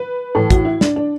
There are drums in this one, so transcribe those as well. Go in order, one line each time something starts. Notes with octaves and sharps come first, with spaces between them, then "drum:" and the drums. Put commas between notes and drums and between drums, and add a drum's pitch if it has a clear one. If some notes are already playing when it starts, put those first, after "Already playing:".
Already playing: B4
A2 E3 A4
F#4, drum: kick, hi-hat
E4
D4, drum: snare
D4